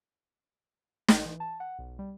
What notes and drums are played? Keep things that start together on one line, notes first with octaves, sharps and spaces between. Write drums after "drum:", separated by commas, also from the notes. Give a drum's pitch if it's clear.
A1, drum: snare
E3
A5
F#5
B1
G3